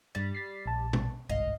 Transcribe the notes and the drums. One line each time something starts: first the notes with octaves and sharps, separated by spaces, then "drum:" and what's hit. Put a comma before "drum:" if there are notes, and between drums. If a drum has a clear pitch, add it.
G2 G3 A6
A6 B6 C7
A#1 A5
drum: tom
G1 C2 G#2 D#5 F5